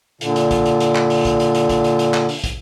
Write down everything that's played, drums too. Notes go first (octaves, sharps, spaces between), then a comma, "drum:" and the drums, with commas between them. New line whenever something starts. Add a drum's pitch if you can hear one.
A#2 D3, drum: hi-hat
drum: hi-hat
drum: kick, hi-hat
drum: hi-hat
drum: hi-hat
drum: clap
drum: open hi-hat
drum: kick, hi-hat
drum: hi-hat
drum: hi-hat
drum: kick, hi-hat
drum: hi-hat
drum: hi-hat
drum: clap
drum: open hi-hat
drum: kick, hi-hat